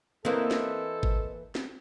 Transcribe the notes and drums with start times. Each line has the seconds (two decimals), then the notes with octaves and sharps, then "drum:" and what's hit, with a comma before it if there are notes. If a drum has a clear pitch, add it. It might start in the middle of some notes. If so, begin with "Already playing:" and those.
0.25 E3 A#3 C4 A4 C5 D#5
0.51 drum: snare
1.03 drum: kick
1.55 drum: snare